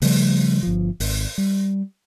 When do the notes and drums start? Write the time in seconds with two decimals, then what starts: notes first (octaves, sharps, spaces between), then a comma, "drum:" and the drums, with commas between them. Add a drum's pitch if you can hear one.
0.02 C#3 F3 G3 A3, drum: open hi-hat
0.63 G1 F3
1.00 G#1, drum: open hi-hat
1.38 G3